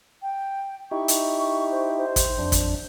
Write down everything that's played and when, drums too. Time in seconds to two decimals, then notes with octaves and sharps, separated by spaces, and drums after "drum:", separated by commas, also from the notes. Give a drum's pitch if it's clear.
0.22 G5
0.91 D#4 E4 G4 C#6
1.08 drum: hi-hat
1.71 C5
1.98 C5
2.16 drum: kick, hi-hat
2.39 F2 D4
2.52 drum: kick, hi-hat